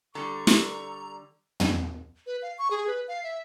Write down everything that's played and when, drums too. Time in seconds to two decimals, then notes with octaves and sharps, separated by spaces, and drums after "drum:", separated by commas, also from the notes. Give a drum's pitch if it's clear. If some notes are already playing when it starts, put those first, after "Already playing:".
0.15 D3 G3 A4 A#5 C#6
0.47 drum: snare
1.60 drum: tom
2.26 B4
2.42 F5
2.58 C#6
2.71 G#4
2.87 B4
3.08 F5
3.24 E5